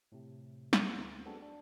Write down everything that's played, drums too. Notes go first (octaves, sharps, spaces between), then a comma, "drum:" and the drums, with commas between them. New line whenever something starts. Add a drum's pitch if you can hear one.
A2 C3
drum: snare
D2
B3 C4 D4 F#4 G#4 A4
D4